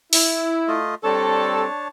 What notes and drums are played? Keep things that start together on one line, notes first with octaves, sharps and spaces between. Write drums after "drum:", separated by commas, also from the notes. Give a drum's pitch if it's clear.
E4, drum: open hi-hat
A3 F4 D#5
G3 C4 D4 A4 C#5 A5